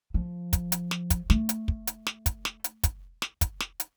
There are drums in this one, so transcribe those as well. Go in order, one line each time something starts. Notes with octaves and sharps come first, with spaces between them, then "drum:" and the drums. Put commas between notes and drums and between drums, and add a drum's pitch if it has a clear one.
F3
drum: kick, hi-hat
drum: hi-hat
drum: snare
drum: kick, hi-hat
A3, drum: snare
drum: hi-hat
drum: kick
drum: hi-hat
drum: snare
drum: kick, hi-hat
drum: snare
drum: hi-hat
drum: kick, hi-hat
drum: snare
drum: kick, hi-hat
drum: snare
drum: hi-hat